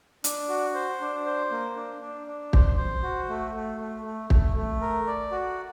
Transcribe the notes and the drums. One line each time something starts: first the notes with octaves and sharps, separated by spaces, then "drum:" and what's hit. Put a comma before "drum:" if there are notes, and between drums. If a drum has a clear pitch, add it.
D4, drum: hi-hat
F#4
C5
D4
C5
A#3
D4
D4
D4
C5, drum: kick
C5
F#4
A3
A3
A3
A3
A3, drum: kick
A3
A#4
D5
F#4